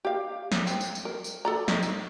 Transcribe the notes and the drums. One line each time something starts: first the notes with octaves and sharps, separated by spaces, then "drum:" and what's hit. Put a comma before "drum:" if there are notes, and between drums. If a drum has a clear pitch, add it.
G4 F5
drum: snare
C4, drum: tambourine
drum: tambourine
drum: tambourine
A#4
drum: tambourine
A4 D5 A#5
D#3, drum: snare
drum: tambourine